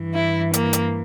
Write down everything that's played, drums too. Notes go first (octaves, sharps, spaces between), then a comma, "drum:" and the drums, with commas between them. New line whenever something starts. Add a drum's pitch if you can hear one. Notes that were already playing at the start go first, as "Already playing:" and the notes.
Already playing: G2 E3
E4
A#3, drum: hi-hat
drum: hi-hat